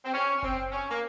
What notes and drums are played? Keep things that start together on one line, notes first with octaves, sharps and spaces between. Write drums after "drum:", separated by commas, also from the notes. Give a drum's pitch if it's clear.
C4
C#4
C#4
C4, drum: kick F#1
C#4
A#3